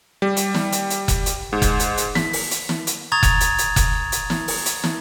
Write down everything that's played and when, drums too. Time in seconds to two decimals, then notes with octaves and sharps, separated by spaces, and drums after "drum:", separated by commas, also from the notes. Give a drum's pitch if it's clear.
0.22 G3
0.37 drum: hi-hat
0.54 drum: snare
0.72 drum: hi-hat
0.90 drum: hi-hat
1.08 drum: kick F1, hi-hat
1.26 drum: hi-hat
1.53 G#2
1.62 drum: kick F1, hi-hat
1.80 drum: hi-hat
1.97 drum: hi-hat
2.15 B6, drum: snare
2.33 drum: open hi-hat
2.51 drum: hi-hat
2.69 drum: snare
2.87 drum: hi-hat
3.12 A#5 C#6 D#6 G#6 A6 F7
3.23 drum: kick F1, hi-hat
3.41 drum: hi-hat
3.58 drum: hi-hat
3.76 drum: kick F1, hi-hat
4.12 drum: hi-hat
4.30 drum: snare
4.48 drum: open hi-hat
4.66 drum: hi-hat
4.84 drum: snare